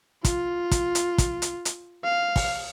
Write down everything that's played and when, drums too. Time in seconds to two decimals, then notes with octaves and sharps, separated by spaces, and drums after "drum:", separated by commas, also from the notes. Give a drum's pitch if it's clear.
0.25 F4, drum: kick, hi-hat
0.71 drum: kick, hi-hat
0.95 drum: hi-hat
1.18 drum: kick, hi-hat
1.42 drum: hi-hat
1.65 drum: hi-hat
2.04 F5
2.36 drum: kick, open hi-hat